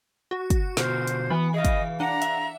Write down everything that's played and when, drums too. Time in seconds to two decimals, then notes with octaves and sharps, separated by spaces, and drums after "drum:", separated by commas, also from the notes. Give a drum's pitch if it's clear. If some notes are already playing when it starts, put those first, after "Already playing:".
0.31 F#4
0.50 drum: kick, hi-hat
0.77 B2 D3 F4 C5, drum: snare
1.07 drum: hi-hat
1.30 E3 B3 B5
1.54 G#4 D#5 F5
1.65 drum: kick, hi-hat
2.00 D4 F#5 A#5
2.22 E5, drum: hi-hat